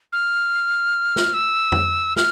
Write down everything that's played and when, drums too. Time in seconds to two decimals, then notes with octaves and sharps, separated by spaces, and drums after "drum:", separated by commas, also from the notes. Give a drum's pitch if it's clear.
0.13 F6
1.16 drum: snare
1.34 E6
1.72 drum: tom F2
2.16 F6, drum: snare